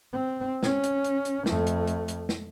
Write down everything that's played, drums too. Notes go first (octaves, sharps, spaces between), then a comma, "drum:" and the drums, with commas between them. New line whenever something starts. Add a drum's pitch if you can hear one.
C4
C#4, drum: snare
drum: hi-hat
drum: hi-hat
drum: hi-hat
F2 A3, drum: snare
drum: hi-hat
drum: hi-hat
drum: hi-hat
drum: snare